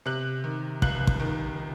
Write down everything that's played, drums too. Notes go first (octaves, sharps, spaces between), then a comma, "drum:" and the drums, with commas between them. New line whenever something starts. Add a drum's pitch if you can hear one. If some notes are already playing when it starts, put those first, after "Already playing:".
C3 F#6
D#3
C#2 F#6, drum: kick
drum: kick
D#3